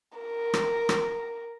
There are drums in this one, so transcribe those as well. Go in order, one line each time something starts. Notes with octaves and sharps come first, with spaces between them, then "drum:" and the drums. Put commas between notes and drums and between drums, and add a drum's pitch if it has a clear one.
A#4
drum: rim click
drum: rim click